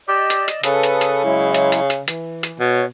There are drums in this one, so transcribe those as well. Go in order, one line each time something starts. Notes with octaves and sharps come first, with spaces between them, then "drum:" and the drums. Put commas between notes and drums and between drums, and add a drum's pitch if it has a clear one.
G4 D5 D#5 E6
drum: hi-hat
drum: hi-hat
C#3 A4 B4 D#6, drum: hi-hat
drum: hi-hat
drum: hi-hat
F#3 G#3 E4
drum: hi-hat
drum: hi-hat
drum: hi-hat
E3, drum: hi-hat
drum: hi-hat
B2 C#5